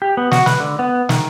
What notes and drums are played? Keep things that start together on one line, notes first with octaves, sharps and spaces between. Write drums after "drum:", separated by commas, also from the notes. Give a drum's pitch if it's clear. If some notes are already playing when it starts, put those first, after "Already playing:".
G4
B3
F#4, drum: snare
B4, drum: snare
D3
B3
D#3, drum: snare